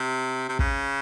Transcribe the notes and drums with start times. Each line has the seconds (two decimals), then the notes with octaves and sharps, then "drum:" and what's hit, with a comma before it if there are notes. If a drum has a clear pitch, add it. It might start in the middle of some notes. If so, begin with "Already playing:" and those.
Already playing: C3
0.49 C3
0.59 C#3, drum: kick